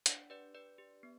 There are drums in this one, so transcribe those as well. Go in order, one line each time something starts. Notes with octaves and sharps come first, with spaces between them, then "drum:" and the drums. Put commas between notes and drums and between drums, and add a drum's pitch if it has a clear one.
D4 D5 F#5, drum: hi-hat
G4 B4 D5
D4 B4 D5
G4
B3